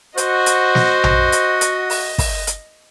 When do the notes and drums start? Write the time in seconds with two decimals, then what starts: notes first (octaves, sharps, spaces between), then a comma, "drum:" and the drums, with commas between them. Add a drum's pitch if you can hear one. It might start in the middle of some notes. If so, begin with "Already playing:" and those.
0.17 F#4 C5 D#5, drum: hi-hat
0.46 drum: hi-hat
0.75 drum: snare
1.04 drum: tom A#1
1.32 drum: hi-hat
1.61 drum: hi-hat
1.90 drum: open hi-hat
2.18 drum: kick, open hi-hat
2.47 drum: hi-hat